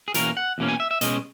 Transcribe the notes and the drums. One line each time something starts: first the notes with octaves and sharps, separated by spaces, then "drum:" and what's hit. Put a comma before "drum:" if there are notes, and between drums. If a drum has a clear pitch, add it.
G#4
E2 B2 A#3 C#4 A#4, drum: hi-hat
F#5
E2 B2 A#3 C#4
G#5
E5
E5
B2 G#3 C#4 D#5, drum: hi-hat